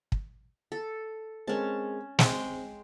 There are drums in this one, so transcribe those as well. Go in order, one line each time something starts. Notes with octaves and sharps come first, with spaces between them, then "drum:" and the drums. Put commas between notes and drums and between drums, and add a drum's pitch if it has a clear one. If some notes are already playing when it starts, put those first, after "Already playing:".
drum: kick
A4
G#3 C4 C#4 A#4 A5
G#3 C4 G5, drum: snare